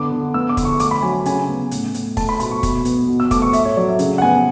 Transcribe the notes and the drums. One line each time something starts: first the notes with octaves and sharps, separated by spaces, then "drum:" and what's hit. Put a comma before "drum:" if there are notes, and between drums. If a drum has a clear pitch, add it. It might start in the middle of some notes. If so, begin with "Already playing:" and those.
Already playing: D3 B3 D6
D3
B3 E6
D6
D3, drum: kick, hi-hat
C#6
A3 D6, drum: hi-hat
B5
F#3 G#5
C#3 G#5, drum: hi-hat
B3
A2, drum: hi-hat
A2, drum: hi-hat
A3 A5, drum: kick, open hi-hat
B5
B2 B5, drum: hi-hat
C#6
B2, drum: kick, hi-hat
B3, drum: hi-hat
B2
E6
A3 D6, drum: kick, hi-hat
C#6
A2 E5, drum: hi-hat
C#5
F#3 D5
E5
C#3, drum: hi-hat
F#5
B3 G#5